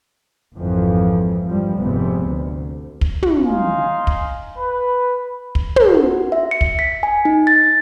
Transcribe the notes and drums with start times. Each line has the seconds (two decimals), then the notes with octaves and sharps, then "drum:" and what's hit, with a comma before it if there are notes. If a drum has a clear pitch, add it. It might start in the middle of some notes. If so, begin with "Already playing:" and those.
0.55 G#1 F2 E3 F3
1.48 G2 F3 G3
1.78 F1 G#2 C3 B3
2.25 D2
3.01 drum: kick
3.23 drum: tom
3.44 D#4 F5 G#5 C6
4.07 drum: kick
4.58 B4
5.55 drum: kick
5.76 drum: tom
5.94 F#4
6.32 E5
6.51 C#7
6.61 drum: kick
6.79 B6
7.03 G#5
7.25 D#4
7.47 A6